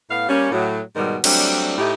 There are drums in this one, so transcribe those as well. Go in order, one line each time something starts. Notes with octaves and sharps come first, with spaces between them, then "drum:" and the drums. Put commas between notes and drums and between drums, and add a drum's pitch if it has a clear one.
A2 B3 F5
G3 A#3 C#4
A2 F#3
G#2 B2 D#3 G3
F#3 G3 A3 C4 D4, drum: cymbal
A2 D#4 E4 G4